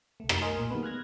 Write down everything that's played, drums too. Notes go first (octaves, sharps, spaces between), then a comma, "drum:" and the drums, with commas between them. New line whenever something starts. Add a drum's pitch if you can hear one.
C2 A3
drum: rim click
A#4 D#5 G#5 C6 D#6 F6
A#2
D#3 G3 G#3 A#3 B3 B4
F6 F#6 G#6 A#6